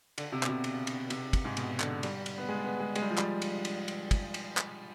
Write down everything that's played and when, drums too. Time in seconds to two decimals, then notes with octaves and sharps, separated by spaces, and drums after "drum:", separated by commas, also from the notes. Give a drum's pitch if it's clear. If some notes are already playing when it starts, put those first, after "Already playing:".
0.18 D3, drum: cymbal
0.32 C3
0.43 B2, drum: clap
0.49 C3
0.64 drum: cymbal
0.87 drum: cymbal
1.10 C3, drum: cymbal
1.33 drum: kick, cymbal
1.45 G#2
1.57 B2, drum: cymbal
1.80 D3, drum: clap
2.03 G3, drum: cymbal
2.26 drum: cymbal
2.38 B3
2.49 G#3
2.64 B3
2.80 G#3
2.95 G#3, drum: cymbal
3.02 G3
3.11 F3
3.18 G3, drum: clap
3.42 drum: cymbal
3.65 drum: cymbal
3.88 drum: cymbal
4.11 drum: kick, cymbal
4.34 drum: cymbal
4.57 drum: clap